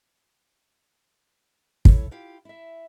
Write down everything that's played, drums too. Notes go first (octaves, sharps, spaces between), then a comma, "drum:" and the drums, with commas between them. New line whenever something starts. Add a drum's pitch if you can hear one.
E4 A4 C#5, drum: kick
E4 F4 G4 F5 G5
E4 E5